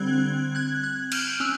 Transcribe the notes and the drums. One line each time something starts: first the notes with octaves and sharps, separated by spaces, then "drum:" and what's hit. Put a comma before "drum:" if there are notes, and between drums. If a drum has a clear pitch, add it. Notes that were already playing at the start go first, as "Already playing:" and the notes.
Already playing: D3 G3 C4 F#6 G#6
F#6 G#6
F#6 G#6
F6 G6, drum: cymbal
C#4 E6 F#6